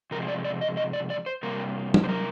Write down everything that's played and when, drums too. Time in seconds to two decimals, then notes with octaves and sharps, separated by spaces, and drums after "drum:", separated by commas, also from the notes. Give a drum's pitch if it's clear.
0.11 C3 F3 G#3 A#4
0.28 D5
0.44 D5
0.61 D#5
0.77 D#5
0.93 D5
1.10 D5
1.26 C5
1.43 C3 G3 A#3 A#4
1.94 drum: tom F#3
2.04 C5
2.09 A#4